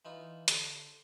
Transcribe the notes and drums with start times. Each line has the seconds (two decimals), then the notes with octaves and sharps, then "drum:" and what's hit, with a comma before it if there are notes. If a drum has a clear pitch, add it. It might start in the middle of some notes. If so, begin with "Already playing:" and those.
0.05 E3 D#4 F4
0.48 D3 C5, drum: hi-hat